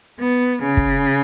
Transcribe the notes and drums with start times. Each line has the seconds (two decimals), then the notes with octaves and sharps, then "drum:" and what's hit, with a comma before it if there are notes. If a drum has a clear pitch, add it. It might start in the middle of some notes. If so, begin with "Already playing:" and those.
0.20 B3
0.63 C#3
0.77 drum: kick